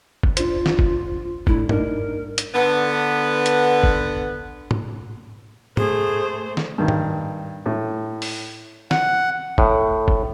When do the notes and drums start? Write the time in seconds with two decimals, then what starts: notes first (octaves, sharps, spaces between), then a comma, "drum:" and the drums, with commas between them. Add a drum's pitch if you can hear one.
0.23 drum: kick G1
0.37 D4 F4 C5, drum: hi-hat
0.66 drum: snare
0.79 drum: kick G1
1.47 A2 A3 D4 E4, drum: kick G1
1.69 G2 D4 D#4 A#4, drum: tom G#2
2.38 drum: hi-hat
2.54 D3 B3
3.46 drum: hi-hat
3.84 drum: kick G1
4.71 drum: tom
5.77 A3 G#4 C5, drum: tom
6.57 drum: snare
6.78 G2 D#3
6.88 drum: tom G#2
7.66 A2
8.22 drum: open hi-hat
8.91 F#5, drum: snare
9.58 A2, drum: kick G1
10.08 drum: kick G1